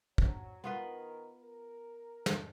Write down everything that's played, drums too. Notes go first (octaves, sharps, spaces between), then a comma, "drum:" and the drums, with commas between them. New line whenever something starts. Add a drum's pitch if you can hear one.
F#3, drum: kick
D#3 B3 F4 A#4 B4
A#4
drum: snare